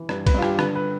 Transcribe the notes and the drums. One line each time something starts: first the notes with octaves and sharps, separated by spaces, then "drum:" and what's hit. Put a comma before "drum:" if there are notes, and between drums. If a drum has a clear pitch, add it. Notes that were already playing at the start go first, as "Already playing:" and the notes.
Already playing: E3
G2 B4, drum: rim click
B4, drum: kick, cymbal
G2 F4
G4, drum: rim click
D3 B4, drum: rim click
B4